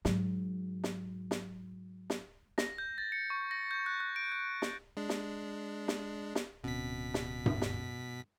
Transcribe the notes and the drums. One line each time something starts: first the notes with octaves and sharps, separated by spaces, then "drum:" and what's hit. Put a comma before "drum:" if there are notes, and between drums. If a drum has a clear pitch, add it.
G#2 F#3, drum: snare
drum: snare
drum: snare
drum: snare
A#6, drum: snare
G6
A6
C#7
C#6
A#6
G6
F#6
F#6
D7
G6
drum: snare
G#3 D4
drum: snare
drum: snare
drum: snare
D1 B2 C4 C#4 B6
drum: snare
drum: tom G2
drum: snare